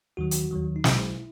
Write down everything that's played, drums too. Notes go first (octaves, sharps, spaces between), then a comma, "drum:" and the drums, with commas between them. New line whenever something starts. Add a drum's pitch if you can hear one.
D#2 D#3 F#3 F#4
drum: hi-hat
D#2 D#3 F#3
D#4
B1 B2 F#3 E4, drum: snare